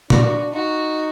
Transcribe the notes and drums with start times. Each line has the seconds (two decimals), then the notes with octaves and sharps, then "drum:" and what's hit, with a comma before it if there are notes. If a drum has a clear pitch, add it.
0.10 D4 F#4, drum: tom
0.53 D#4 F#4